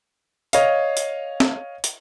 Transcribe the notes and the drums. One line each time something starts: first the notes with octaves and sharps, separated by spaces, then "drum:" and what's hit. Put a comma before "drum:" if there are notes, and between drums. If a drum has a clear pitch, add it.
C#5 D#5 F5, drum: hi-hat
drum: hi-hat
drum: snare
drum: hi-hat